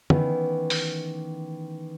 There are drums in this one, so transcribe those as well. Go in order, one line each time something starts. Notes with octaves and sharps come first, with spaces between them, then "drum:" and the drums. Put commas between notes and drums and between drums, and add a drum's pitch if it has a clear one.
D#3 E3 A3 B3 C#4, drum: tom
drum: open hi-hat